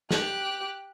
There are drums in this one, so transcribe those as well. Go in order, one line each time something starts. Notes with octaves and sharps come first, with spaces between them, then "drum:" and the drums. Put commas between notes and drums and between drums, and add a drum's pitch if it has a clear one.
G4 F#6, drum: snare